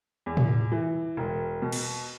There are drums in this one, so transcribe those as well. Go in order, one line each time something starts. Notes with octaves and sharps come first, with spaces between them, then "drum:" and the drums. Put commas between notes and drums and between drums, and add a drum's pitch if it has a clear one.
E2
drum: tom A2
E3
E1
B2
drum: cymbal